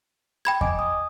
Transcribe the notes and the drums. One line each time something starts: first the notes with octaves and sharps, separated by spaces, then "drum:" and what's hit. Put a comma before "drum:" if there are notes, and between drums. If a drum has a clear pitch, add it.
G5 B5 G#6
D#5 G#5 D6, drum: kick E2
D#6